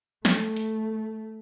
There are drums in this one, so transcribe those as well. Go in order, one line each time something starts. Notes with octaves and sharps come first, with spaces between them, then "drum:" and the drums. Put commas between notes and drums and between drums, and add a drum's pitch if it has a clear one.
A3, drum: snare
drum: hi-hat